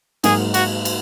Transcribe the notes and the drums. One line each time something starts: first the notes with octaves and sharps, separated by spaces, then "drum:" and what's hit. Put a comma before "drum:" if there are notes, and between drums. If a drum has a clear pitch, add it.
G#2 F#3 A#3 D#4 G#4 A#4, drum: cymbal
F#4, drum: cymbal
drum: cymbal